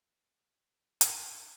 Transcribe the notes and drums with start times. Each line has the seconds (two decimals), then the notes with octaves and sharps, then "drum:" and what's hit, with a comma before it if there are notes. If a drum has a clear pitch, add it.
0.12 D#4 A4 B4
1.01 drum: hi-hat